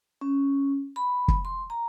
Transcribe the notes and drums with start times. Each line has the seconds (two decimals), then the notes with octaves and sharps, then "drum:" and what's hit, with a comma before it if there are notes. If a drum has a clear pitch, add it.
0.21 C#4
0.96 B5
1.28 drum: kick
1.45 C6
1.70 A#5